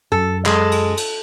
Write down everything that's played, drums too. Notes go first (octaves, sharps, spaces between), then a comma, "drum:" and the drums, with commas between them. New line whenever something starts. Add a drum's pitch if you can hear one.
F#2 A4
G#3 A4, drum: clap
drum: cymbal
drum: cymbal